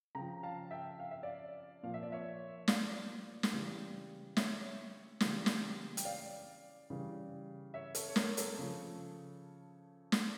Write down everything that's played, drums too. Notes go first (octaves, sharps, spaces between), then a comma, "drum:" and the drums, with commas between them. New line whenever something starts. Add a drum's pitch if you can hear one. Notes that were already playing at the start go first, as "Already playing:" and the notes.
C#3 F3 G5 A#5
F5 A5
E5 G5
F5
E5
D5 F5
A#2 F3 F5
E5
D5
C#5 E5
D5 F5, drum: snare
drum: snare
C#3 E3 G3
C#5 E5, drum: snare
C#3 E3 G3, drum: snare
drum: snare
G5, drum: hi-hat
D5 F5
C#3 E3 G3
C#5 E5
A4 C#5, drum: hi-hat
C#5
A#4, drum: snare
A4 C#5, drum: hi-hat
C#3 F3
drum: snare